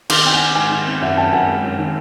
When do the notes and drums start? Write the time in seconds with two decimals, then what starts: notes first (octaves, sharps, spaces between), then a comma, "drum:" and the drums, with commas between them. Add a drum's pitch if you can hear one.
0.10 D#3 C6 D6, drum: cymbal
0.25 C4 G5
0.33 F#5 G#5
0.40 C4
0.55 G#2 F#5 G#5
0.71 D#3
0.86 C4
1.01 F#2 E5 F#5
1.17 F#2 G5 A5
1.33 F#2 F#5 G#5
1.48 G#3
1.63 F#2
1.79 D#3